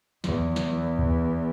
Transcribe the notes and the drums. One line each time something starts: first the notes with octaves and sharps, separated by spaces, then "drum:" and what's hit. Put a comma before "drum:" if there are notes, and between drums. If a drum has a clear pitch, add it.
E2, drum: snare
drum: snare
drum: kick